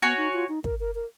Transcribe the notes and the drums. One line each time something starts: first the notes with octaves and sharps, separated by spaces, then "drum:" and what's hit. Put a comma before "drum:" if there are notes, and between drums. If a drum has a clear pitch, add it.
B3 F#4 C#5 G#5
D#4
F4
D#4
A#4, drum: kick
A#4
A#4